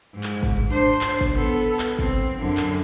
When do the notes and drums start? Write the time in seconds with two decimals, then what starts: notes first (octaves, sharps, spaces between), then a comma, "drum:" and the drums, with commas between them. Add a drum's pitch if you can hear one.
0.14 G#2
0.23 drum: clap
0.43 drum: kick
0.69 D4 C5
1.01 drum: clap
1.21 drum: kick
1.35 B3 A4
1.79 drum: clap
1.99 C4, drum: kick
2.38 F#2 D3
2.57 drum: clap